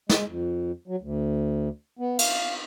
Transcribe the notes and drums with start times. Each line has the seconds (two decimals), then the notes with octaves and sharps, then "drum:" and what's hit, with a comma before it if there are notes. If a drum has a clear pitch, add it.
0.09 G#3, drum: snare
0.28 F2
0.88 F#3
1.01 D2
1.99 B3
2.19 F5, drum: cymbal